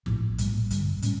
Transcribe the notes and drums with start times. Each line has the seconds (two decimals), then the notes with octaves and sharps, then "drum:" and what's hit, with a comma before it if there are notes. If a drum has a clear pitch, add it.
0.06 A#1 A2 F3, drum: snare
0.38 A#1 A2 G3 A#3, drum: hi-hat
0.71 G2 D3 G3, drum: hi-hat
1.02 A2 G3 C#4, drum: hi-hat